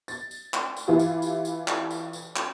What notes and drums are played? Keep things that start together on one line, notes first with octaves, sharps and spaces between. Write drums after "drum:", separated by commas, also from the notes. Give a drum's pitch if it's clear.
A6, drum: tambourine
drum: tambourine
drum: clap
drum: tambourine
E3 E4 F4 G4
drum: tambourine
drum: tambourine
drum: tambourine
drum: clap
drum: tambourine
drum: tambourine
drum: clap